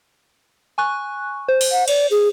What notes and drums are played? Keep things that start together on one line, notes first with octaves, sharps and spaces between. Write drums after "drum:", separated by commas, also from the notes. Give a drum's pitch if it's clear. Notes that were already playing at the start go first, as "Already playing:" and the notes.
G#5 C#6 F#6
C5
drum: open hi-hat
F#5
D5, drum: cymbal
G#4